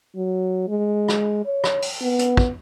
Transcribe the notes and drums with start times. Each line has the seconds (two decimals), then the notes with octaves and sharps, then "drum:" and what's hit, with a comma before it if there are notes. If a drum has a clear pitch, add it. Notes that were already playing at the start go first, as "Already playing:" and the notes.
0.16 F#3
0.68 G#3
1.08 drum: rim click
1.45 C#5
1.64 drum: rim click
1.82 drum: open hi-hat
2.01 B3
2.19 drum: hi-hat
2.37 drum: kick